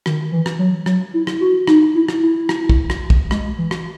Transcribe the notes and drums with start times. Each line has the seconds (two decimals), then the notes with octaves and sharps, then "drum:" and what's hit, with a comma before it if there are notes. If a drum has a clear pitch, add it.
0.06 D#3, drum: rim click
0.32 E3
0.46 drum: rim click
0.59 F#3
0.86 F#3, drum: rim click
1.14 E4
1.27 drum: rim click
1.40 F#4
1.67 D#4, drum: rim click
1.95 E4
2.09 drum: rim click
2.23 E4
2.49 drum: rim click
2.69 drum: kick
2.90 drum: rim click
3.10 drum: kick
3.31 G#3, drum: rim click
3.58 E3
3.71 drum: rim click